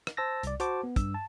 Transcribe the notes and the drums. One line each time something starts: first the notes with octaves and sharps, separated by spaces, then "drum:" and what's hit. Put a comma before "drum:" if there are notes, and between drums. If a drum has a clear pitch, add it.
drum: rim click
C5 A5 E6 A6 A#6
C2 D5, drum: hi-hat
F#4 C5 A5 D6, drum: hi-hat
B3
G2 E6, drum: kick, hi-hat
A5